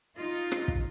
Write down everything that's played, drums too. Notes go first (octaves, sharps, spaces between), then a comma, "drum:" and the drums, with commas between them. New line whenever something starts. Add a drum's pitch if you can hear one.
D#4 F4
drum: rim click
drum: kick